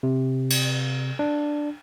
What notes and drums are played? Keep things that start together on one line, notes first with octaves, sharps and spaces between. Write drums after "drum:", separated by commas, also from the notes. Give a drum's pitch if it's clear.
C3
drum: cymbal
D4